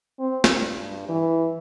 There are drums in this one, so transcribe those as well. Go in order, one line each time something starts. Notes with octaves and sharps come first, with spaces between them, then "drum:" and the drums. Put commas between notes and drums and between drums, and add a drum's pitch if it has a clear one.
C4
drum: snare
G2
E3